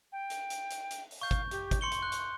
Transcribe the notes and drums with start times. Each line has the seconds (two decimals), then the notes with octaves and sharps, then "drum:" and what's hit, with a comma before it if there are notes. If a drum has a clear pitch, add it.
0.12 G5
0.30 drum: hi-hat
0.50 drum: hi-hat
0.70 drum: hi-hat
0.91 drum: hi-hat
1.11 drum: open hi-hat
1.21 F5 C#6 G6
1.31 drum: kick G#1, hi-hat
1.51 G4, drum: hi-hat
1.71 drum: kick G#1, hi-hat
1.81 C6 C#6 C#7 G7
1.92 drum: hi-hat
2.03 F#6
2.12 drum: hi-hat